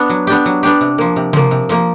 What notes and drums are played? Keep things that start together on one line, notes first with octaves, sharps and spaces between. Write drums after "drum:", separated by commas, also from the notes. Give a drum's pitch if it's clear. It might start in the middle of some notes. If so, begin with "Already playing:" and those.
Already playing: B3 D4
F#3
B3 D4 G4
F#3
B3 D4 G4, drum: hi-hat
C3
F3 A#3
C3
F3 A#3, drum: tom
C3
F3 A#3, drum: hi-hat